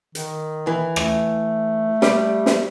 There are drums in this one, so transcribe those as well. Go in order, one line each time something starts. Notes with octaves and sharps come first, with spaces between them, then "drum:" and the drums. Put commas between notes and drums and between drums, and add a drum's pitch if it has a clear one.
D#3, drum: hi-hat
E3
A3, drum: rim click
G3, drum: snare
drum: snare